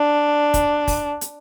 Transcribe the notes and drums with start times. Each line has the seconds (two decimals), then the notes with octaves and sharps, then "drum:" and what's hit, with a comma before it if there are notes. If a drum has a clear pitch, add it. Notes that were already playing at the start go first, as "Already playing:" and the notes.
Already playing: D4
0.54 drum: kick, hi-hat
0.88 drum: kick, open hi-hat
1.21 drum: hi-hat